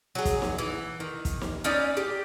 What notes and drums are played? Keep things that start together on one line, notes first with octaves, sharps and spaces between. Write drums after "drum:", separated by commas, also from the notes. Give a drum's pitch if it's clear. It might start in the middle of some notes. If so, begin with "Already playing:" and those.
F#3 G#4
drum: kick, hi-hat
drum: snare
E3
D#3
drum: kick, hi-hat
drum: snare
C#4 D#4 E4 D5
G4